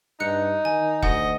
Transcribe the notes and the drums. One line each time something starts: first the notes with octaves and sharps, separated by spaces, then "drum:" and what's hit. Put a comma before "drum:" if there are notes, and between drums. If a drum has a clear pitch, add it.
G2 D#4 F#6 C#7
D#3 G#5
D2 D#5 F#5, drum: kick E1